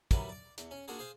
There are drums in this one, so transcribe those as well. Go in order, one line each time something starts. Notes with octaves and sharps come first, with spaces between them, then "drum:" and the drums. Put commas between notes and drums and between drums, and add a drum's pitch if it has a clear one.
D#3 E3 F#3 G3 B4, drum: kick, hi-hat
D5 D6
E2, drum: hi-hat
C#4
A#3 D4 F4 F#4 G#4
G#4 C5 F5